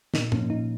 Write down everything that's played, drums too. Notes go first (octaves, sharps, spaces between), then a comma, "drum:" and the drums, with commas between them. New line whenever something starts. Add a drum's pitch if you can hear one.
A#2 D#4, drum: snare
F3 A#3 C#4, drum: tom
A#2 D#4